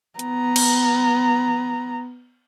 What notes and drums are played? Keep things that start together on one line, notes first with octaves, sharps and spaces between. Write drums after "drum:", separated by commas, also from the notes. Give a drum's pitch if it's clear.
B3 A#5, drum: hi-hat
drum: cymbal